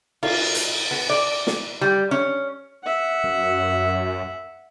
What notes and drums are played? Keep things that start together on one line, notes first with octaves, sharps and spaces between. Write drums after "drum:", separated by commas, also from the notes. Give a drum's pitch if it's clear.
F4, drum: cymbal
drum: hi-hat
B3
D5
drum: snare
G3
C#4
E5 F#5
F#2